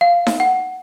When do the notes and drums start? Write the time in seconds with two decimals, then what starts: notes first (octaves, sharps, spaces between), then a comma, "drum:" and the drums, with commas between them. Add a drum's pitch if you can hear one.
0.01 F5
0.27 drum: snare D#4
0.40 F#5